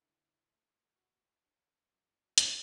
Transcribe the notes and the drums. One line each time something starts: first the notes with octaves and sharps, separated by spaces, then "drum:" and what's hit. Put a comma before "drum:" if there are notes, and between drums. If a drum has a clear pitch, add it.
D3 E4
A3
F#4
D4
F#2 E4
F#4
E3, drum: hi-hat